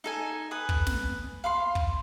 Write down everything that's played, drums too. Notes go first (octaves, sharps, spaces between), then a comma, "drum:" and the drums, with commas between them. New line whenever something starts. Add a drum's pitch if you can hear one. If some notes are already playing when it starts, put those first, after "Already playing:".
D#4 A4 G#5
B4 G#5 D#6
drum: kick
drum: snare
F5 B5 C6
drum: kick